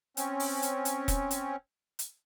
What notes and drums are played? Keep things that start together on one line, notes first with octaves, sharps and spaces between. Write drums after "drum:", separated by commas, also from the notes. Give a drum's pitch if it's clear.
C4 C#4, drum: hi-hat
drum: open hi-hat
drum: hi-hat
drum: hi-hat
drum: kick E1, hi-hat
drum: hi-hat
drum: hi-hat